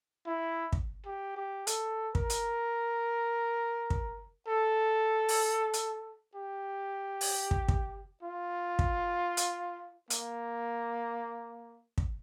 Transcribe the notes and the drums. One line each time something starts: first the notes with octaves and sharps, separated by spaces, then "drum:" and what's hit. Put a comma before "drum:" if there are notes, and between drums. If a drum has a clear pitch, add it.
E4
drum: kick
G4
G4
A4, drum: hi-hat
A#4, drum: kick
drum: hi-hat
drum: kick
A4
drum: open hi-hat
drum: hi-hat
G4
drum: open hi-hat
drum: kick
drum: kick
F4
drum: kick
drum: hi-hat
A#3, drum: hi-hat
drum: kick